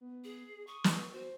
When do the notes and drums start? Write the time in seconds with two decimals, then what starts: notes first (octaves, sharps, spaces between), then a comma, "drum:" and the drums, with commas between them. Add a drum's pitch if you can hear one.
0.01 B3
0.24 G#4
0.67 C#6 D#6
0.84 drum: snare
1.13 F#4 C5